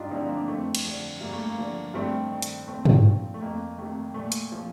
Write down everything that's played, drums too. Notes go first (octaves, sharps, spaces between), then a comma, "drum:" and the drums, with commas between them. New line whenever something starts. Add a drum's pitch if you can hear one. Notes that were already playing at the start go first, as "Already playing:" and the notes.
Already playing: G2 D4 D#4 F4 G4
D3 F3 C4 D#4
A#3 D4
F2 A3 C4
drum: cymbal
D3 F3
G2 A#3
A3
A#3
D3 F3
G2 A3 C4
D#3
drum: hi-hat
A#2 A3 C4
drum: tom
F3
A3
F2 A#3
C3 D#3 A3
A#2 A3
drum: hi-hat
F3